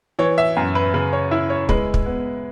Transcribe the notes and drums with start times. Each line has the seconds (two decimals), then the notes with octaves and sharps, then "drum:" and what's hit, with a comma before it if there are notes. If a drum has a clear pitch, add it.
0.19 E3 C#5
0.38 E5
0.57 F#2
0.75 B4
0.94 C#3 B4
1.13 C#5
1.31 E4 E5
1.50 C#5
1.69 G#3 B4, drum: kick
1.94 drum: kick
2.06 B3